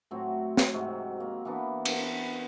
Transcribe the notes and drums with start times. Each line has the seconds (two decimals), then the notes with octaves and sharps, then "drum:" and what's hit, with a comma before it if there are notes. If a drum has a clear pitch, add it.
0.11 A2 F#3 C4 F#4
0.57 drum: snare
0.73 G#2 C3 F#3
1.20 A#3
1.45 E3 A#3 B3 D4
1.85 B3 C4 A#4, drum: cymbal